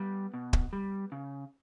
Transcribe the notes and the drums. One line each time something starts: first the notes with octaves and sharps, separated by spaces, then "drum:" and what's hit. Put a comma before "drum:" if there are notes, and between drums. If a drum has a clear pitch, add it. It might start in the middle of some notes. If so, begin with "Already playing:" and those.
Already playing: G3 B3
B2
drum: kick
G3
C#3